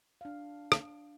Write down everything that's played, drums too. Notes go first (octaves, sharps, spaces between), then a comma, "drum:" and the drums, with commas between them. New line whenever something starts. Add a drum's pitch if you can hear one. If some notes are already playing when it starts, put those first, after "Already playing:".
D4 F5
drum: rim click